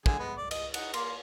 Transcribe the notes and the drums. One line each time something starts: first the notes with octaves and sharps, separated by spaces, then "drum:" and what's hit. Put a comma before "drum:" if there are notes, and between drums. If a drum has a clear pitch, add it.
D3 G#4 G#5, drum: kick
G#3 B3
D5
D#5, drum: cymbal
D#4 F#5, drum: cymbal
A#3 C6, drum: cymbal